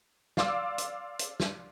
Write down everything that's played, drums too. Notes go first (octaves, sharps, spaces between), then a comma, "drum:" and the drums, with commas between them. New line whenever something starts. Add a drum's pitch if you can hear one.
D5 F5 C6 D6 E6, drum: snare
drum: hi-hat
drum: hi-hat
drum: snare